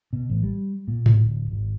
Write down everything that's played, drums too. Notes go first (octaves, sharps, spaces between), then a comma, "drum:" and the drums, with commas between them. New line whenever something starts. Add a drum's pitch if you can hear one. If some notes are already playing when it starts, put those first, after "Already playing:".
B2
A1
G3
A#2
drum: tom G#2
D1
G#1